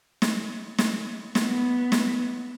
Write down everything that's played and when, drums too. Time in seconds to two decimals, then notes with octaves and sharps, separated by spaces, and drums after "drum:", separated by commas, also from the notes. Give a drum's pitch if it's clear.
0.22 drum: snare
0.78 drum: snare
1.35 B3, drum: snare
1.92 drum: snare